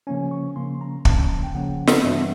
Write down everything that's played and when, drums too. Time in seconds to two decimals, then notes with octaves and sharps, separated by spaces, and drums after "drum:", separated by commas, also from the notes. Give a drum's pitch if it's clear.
0.07 C#3 F3 A#3 C#4 G#5
0.31 C#6
0.56 C#3 F3 A#3 C#4 C6
0.81 A#5
1.05 C#3 F3 A#3 C#4 A5, drum: kick
1.43 G5
1.55 C#3 F3 A#3 C#4 F#5
1.87 drum: snare
1.98 D#5
2.04 G2 E3 G3 B3 D4 E5